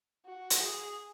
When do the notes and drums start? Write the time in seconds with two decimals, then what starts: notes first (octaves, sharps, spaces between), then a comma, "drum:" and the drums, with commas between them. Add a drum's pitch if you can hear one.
0.25 F#4
0.50 drum: hi-hat
0.60 G#4